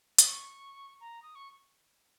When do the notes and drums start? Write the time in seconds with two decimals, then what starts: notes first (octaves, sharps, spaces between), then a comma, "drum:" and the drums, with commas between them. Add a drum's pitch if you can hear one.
0.19 D#6, drum: hi-hat
0.27 C#6
1.01 A#5
1.22 D#6
1.35 C#6